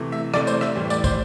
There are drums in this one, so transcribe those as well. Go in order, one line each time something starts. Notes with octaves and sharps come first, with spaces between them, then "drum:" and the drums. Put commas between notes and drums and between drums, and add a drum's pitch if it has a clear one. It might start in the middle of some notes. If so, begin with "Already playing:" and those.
Already playing: C3 E3 A3
E5
C3 E3 A3 D5, drum: rim click
C5, drum: tambourine
E5, drum: rim click
A2 E3 G3
D5, drum: tambourine
C5, drum: kick, tambourine